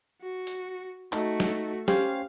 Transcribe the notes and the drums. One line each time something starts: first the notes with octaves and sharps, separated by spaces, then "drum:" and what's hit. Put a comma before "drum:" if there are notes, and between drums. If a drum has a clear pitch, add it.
F#4
drum: hi-hat
A3 D#4 F#4 A5, drum: clap
drum: snare
C#4 G4 C5 C#5 F5, drum: snare